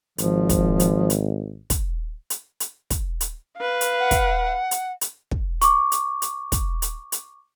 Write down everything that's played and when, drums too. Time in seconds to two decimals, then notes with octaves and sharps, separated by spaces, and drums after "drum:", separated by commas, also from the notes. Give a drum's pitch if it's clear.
0.18 G#1 F3, drum: hi-hat
0.49 drum: kick, hi-hat
0.80 drum: hi-hat
1.10 drum: hi-hat
1.70 drum: kick, hi-hat
2.30 drum: hi-hat
2.60 drum: hi-hat
2.90 drum: kick, hi-hat
3.21 drum: hi-hat
3.57 B4 F5
3.81 drum: hi-hat
3.99 F#5
4.11 drum: kick, hi-hat
4.71 drum: hi-hat
5.01 drum: hi-hat
5.31 drum: kick
5.62 C#6 D6, drum: hi-hat
5.92 drum: hi-hat
6.22 drum: hi-hat
6.52 drum: kick, hi-hat
6.82 drum: hi-hat
7.12 drum: hi-hat